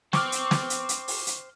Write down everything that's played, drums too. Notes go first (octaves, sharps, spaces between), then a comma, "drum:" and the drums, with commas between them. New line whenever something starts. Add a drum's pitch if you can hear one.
C5 G5 C#6 D6 F6, drum: snare
drum: hi-hat
drum: snare
drum: hi-hat
drum: hi-hat
drum: open hi-hat
drum: hi-hat